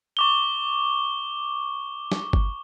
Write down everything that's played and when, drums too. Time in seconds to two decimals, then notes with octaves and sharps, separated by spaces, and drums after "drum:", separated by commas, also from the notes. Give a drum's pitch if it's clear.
0.17 C#6 D6 G7
2.12 drum: snare
2.33 drum: kick G1